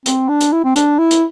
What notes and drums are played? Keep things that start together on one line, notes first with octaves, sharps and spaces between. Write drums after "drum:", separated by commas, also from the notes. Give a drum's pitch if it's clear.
C4, drum: hi-hat
D4
drum: hi-hat
E4
C4
D4, drum: hi-hat
E4
drum: hi-hat